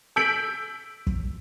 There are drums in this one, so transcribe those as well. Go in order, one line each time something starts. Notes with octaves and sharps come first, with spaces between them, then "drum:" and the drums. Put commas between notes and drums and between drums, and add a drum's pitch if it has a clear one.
E6 G6 B6 D7 F#7
drum: kick